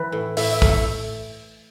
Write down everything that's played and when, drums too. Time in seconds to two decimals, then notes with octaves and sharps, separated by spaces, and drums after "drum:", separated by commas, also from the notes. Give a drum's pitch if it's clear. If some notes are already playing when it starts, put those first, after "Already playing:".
Already playing: E3 B4
0.12 A2
0.37 A2 E5, drum: open hi-hat
0.53 E5
0.62 A3, drum: kick
0.69 E5